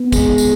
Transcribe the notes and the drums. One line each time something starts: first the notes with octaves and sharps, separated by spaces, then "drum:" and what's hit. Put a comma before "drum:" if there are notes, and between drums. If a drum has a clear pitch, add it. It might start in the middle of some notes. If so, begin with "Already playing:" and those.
Already playing: B3
G#3, drum: kick, tambourine
drum: tambourine